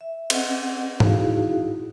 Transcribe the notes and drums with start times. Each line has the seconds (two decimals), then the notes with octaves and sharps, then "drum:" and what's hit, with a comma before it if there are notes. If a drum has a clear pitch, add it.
0.01 E5
0.30 C4 C#4 D#5 F#5, drum: cymbal
1.00 D#4 E4 F#4 G#4 F5, drum: tom G#2